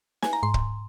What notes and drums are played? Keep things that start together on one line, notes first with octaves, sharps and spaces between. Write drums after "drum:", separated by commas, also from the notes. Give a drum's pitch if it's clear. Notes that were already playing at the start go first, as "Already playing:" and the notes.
G#5, drum: snare
A#5
G#2 C6
drum: kick